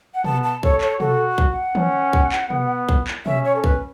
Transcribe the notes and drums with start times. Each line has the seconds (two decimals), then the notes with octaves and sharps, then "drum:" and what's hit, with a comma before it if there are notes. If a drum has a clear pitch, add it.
0.14 F#5
0.24 B3 A5, drum: tom B2
0.44 A5
0.63 A4 C#5, drum: kick
0.81 C#5, drum: clap
1.00 F#4 A4, drum: tom B2
1.38 drum: kick
1.51 F#5
1.75 C#4, drum: tom D#3
2.13 drum: kick
2.32 drum: clap
2.50 B3, drum: tom B2
2.89 drum: kick
3.07 drum: clap
3.26 C#4 E5, drum: tom B2
3.45 C#5
3.56 A4
3.64 B4, drum: kick